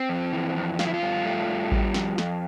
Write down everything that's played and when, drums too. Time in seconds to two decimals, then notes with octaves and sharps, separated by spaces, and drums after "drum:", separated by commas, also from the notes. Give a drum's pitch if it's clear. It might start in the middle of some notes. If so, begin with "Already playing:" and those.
Already playing: C4
0.09 F2
0.32 E3
0.56 F2
0.79 F3 F4, drum: snare
0.87 E4
0.94 F4
1.02 G2
1.25 A3
1.49 G2
1.72 G3, drum: kick A1
1.94 F2, drum: snare
2.18 F2, drum: snare